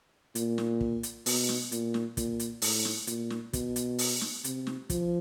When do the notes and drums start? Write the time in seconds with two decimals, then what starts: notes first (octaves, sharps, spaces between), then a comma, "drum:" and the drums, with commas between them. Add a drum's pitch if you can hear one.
0.35 A#2, drum: hi-hat
0.58 drum: snare
0.81 drum: kick
1.03 drum: hi-hat
1.26 B2, drum: open hi-hat
1.49 drum: snare
1.72 A#2, drum: hi-hat
1.94 drum: snare
2.17 A#2, drum: kick, hi-hat
2.40 drum: hi-hat
2.62 A2, drum: open hi-hat
2.85 drum: snare
3.07 A#2, drum: hi-hat
3.30 drum: snare
3.53 B2, drum: kick, hi-hat
3.76 drum: hi-hat
3.98 drum: open hi-hat
4.21 drum: snare
4.44 C3, drum: hi-hat
4.67 drum: snare
4.90 F3, drum: kick, hi-hat